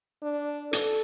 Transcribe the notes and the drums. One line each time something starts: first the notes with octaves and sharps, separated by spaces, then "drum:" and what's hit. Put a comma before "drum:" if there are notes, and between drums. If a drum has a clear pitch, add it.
D4
A4, drum: hi-hat